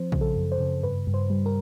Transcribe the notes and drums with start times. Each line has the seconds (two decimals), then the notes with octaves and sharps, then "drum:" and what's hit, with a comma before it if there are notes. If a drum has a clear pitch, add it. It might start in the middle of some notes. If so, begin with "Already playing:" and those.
Already playing: F3 C4 C5
0.12 C#3, drum: kick A#1
0.21 A4
0.36 F#2
0.52 C5
0.59 C#3
0.83 G2 B4
1.07 G2
1.14 C5
1.30 G3
1.46 A#4